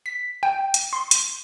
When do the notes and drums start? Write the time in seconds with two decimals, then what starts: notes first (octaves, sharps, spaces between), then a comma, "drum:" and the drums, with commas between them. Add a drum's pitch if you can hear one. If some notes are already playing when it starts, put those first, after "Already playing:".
0.06 B6
0.43 G5
0.74 drum: hi-hat
0.93 C6
1.11 drum: hi-hat